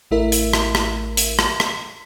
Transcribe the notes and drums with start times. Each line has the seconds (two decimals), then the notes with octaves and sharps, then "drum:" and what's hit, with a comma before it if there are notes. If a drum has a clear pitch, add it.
0.11 A1 A3 E4 A#4 E5
0.32 drum: hi-hat
0.53 drum: rim click
0.75 drum: rim click
1.17 drum: hi-hat
1.39 drum: rim click
1.60 drum: rim click